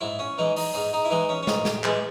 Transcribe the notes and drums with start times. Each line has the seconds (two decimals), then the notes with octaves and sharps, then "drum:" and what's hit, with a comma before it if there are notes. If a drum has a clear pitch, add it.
0.01 G#2 E4
0.19 C#4
0.38 E3 G#3 D#4
0.56 D#4, drum: open hi-hat
0.74 G#2 D#4
0.93 D#4
1.05 E4
1.10 E3 G#3 D#4
1.29 C#4
1.43 C#4
1.47 G#2 D#4, drum: snare
1.65 G4, drum: snare
1.84 E3 G#3 G#4, drum: clap